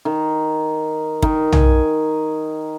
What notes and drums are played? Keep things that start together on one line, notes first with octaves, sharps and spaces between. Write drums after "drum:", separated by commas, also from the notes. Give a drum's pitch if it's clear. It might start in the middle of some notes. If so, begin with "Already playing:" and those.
D#3
D#3, drum: kick
G#5, drum: tom B1